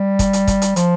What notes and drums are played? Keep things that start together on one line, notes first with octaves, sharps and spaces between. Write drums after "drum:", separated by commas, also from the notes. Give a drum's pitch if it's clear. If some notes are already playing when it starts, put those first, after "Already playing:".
Already playing: G3
drum: kick, hi-hat
drum: hi-hat
drum: kick, hi-hat
drum: hi-hat
F3, drum: hi-hat